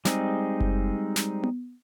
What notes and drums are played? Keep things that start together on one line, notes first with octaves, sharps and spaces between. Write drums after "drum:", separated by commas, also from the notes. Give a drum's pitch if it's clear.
G3 G#3 C4 D#4 G#4, drum: snare
drum: kick F#1
drum: snare
drum: tom B3